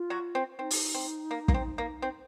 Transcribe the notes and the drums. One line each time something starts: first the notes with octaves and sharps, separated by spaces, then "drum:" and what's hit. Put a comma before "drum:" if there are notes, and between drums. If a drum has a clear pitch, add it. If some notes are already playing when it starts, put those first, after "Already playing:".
Already playing: F4
F#3 F#4
C4
C4 D#4
drum: open hi-hat
C4
A#3
A#3, drum: kick
C4
A#3
C4